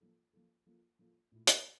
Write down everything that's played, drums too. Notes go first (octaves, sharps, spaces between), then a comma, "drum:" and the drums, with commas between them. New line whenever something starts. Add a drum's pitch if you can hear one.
F3 A#3 F4 A4
F3 A#3 F4 A4
F3 A#3 F4 A4
F3 A#3 F4 A4
A#2 A3 E4
drum: hi-hat